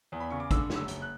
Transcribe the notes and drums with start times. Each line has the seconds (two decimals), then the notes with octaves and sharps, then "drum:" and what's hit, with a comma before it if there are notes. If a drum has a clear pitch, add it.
0.12 E2
0.20 B5
0.30 C#3 C#6
0.40 D6
0.51 D3 E6, drum: kick, hi-hat
0.70 F#1, drum: snare
0.76 E6
0.88 F#1, drum: hi-hat
1.02 F#6